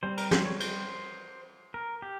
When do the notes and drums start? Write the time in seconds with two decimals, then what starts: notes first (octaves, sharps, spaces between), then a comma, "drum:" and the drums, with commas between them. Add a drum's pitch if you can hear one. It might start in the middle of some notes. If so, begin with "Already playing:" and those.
0.03 G3 C4 C5
0.17 A#4, drum: cymbal
0.31 C5, drum: snare
0.45 C#5
0.60 C5, drum: cymbal
1.74 A#4
2.02 G4